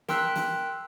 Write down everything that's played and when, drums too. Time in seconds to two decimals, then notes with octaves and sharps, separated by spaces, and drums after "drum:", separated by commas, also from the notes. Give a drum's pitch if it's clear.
0.08 A#4 G5 C6 E6 F#6 B6, drum: snare
0.36 drum: snare